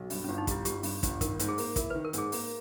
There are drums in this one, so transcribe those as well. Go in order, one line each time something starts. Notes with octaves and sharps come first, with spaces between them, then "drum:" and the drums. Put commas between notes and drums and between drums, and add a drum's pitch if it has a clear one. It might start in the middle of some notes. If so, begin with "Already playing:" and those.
Already playing: B1
G2, drum: open hi-hat
G1 C#4
D#4
G3 E4, drum: kick, hi-hat
G1 G4, drum: hi-hat
G2, drum: open hi-hat
G1, drum: kick, hi-hat
D#3 A#4, drum: kick, hi-hat
G#2, drum: hi-hat
G#4
A#3, drum: open hi-hat
E4 A#4, drum: kick, hi-hat
D#3 B4
A#4
G#2 G#4, drum: hi-hat
A#3, drum: open hi-hat